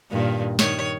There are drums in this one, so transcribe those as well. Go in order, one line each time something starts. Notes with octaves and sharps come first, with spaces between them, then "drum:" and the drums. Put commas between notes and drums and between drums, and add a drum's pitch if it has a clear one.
G2 A#2 D#3
D#3 C#5, drum: snare